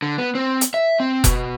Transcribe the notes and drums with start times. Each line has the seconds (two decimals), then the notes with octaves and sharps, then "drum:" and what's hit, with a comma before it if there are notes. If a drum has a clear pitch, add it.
0.02 D3
0.18 B3
0.35 C4
0.61 drum: hi-hat
0.74 E5
1.00 C4
1.24 B2, drum: kick F1, hi-hat